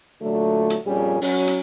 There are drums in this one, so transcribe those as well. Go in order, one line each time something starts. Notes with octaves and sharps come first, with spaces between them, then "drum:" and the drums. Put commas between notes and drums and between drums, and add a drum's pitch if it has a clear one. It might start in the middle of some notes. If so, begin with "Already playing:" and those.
A#2 D3 F#3 A3
drum: hi-hat
F2 A#2 G3 C#4 G#4
F#3 C#4, drum: open hi-hat
drum: hi-hat